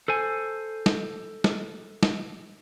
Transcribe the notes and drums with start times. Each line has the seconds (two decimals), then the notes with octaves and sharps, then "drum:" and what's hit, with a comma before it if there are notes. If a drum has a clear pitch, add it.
0.08 A4 C5 G#5
0.86 drum: snare
1.44 drum: snare
2.03 drum: snare